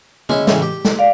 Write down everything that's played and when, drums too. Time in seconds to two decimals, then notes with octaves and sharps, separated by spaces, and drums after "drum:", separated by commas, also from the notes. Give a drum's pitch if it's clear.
0.29 G#3 C#4 E4, drum: tom
0.47 A2 C#3 E3, drum: snare
0.62 G4
0.85 drum: snare
0.99 D5 F5